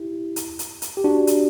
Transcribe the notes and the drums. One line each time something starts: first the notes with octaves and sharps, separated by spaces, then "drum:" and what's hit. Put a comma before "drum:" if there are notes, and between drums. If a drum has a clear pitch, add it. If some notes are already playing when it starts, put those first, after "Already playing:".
Already playing: E4 G4
drum: hi-hat
drum: hi-hat
drum: hi-hat
G4
D4 F#4
drum: hi-hat